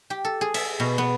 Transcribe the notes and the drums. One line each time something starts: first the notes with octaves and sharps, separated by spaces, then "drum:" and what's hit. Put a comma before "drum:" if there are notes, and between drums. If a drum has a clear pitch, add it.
G4
A4
G#4
E5, drum: cymbal
B2
B3